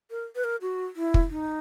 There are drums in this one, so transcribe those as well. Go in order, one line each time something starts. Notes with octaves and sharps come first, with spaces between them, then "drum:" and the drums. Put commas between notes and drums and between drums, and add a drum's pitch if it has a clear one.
A#4
B4
A#4
F#4
E4
drum: kick
D#4